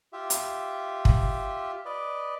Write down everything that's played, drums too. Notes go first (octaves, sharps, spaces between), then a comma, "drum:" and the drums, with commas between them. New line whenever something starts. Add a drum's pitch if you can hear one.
F4 G4 E5
drum: hi-hat
drum: kick
B4 D5 D#5